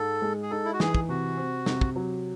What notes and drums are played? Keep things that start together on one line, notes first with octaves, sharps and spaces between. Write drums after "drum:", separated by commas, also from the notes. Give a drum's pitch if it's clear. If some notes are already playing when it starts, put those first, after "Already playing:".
Already playing: G#2 A4
G#3
G#4
D#4 A4
E4
F#4
E3 G#4, drum: snare
drum: kick
C3 F#4
C4
C3, drum: snare
drum: kick
F#3